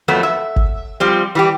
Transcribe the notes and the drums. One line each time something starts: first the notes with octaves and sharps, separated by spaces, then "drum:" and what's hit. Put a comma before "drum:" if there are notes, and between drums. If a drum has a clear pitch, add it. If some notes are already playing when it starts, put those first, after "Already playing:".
F2 F#3 A3 B3
E5
drum: kick G1
F3 G3 C4
E3 G3 G4